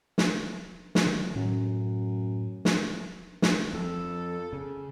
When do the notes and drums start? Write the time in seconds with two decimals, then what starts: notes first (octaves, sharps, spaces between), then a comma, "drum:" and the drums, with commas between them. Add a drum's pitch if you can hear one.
0.18 drum: snare
0.95 drum: snare
1.06 D#3 F#3
1.35 F#2 A2
2.65 drum: snare
3.42 drum: snare
3.73 F2 A4
4.53 C#3